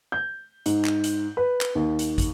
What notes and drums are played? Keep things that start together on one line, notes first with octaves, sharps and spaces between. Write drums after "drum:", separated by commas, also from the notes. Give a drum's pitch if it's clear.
G6
G#2, drum: hi-hat
drum: clap
drum: hi-hat
B4
drum: clap
D#2
drum: hi-hat
drum: kick, hi-hat